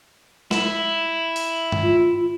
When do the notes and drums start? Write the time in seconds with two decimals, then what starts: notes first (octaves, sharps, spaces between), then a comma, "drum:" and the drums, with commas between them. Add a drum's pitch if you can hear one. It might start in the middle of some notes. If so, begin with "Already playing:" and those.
0.51 E4, drum: snare
1.36 drum: open hi-hat
1.72 drum: tom
1.82 F4